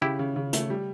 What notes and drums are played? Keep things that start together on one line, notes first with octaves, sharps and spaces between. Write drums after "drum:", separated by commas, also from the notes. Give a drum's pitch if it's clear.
C#3 E4 G4
C#3
C#3
A3, drum: hi-hat
G3